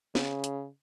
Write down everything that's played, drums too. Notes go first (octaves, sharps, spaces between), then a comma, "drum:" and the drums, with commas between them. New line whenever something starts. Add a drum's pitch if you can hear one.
C#3, drum: snare
drum: hi-hat